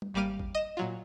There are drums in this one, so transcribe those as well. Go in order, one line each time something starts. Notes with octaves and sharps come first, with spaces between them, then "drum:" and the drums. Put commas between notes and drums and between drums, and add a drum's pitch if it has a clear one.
drum: tom G3
G#1 G3 A#3 D6 F6 D#7
drum: kick
D#5 E7
A#2 F#3 F4